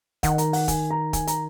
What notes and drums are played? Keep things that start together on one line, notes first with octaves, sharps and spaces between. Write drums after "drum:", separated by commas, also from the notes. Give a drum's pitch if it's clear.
D#3 F#5, drum: kick, hi-hat
A#5, drum: hi-hat
F#5, drum: open hi-hat
G#5, drum: kick, hi-hat
A#5
G#5, drum: kick, hi-hat
A#5, drum: hi-hat